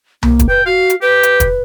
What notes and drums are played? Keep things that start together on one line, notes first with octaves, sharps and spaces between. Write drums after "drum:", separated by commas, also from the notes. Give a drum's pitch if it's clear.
A#3, drum: tom C2
drum: kick, hi-hat
B4 G5
F#4 F5
drum: hi-hat
G4 B4
drum: hi-hat
drum: kick, hi-hat